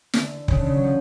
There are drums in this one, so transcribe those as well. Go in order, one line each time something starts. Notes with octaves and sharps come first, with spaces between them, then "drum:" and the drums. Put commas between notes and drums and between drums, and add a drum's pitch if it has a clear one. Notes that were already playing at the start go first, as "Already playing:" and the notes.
D3, drum: snare
C#3, drum: kick
D3
C#3
F#3
F3